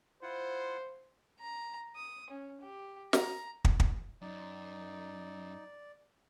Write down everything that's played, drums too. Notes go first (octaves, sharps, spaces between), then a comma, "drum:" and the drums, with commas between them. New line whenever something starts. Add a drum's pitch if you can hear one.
E4 F4 C5 F#5
A#5
D#6
C#4
G4
A#5, drum: snare
drum: kick
drum: kick
F#2 D#4 D5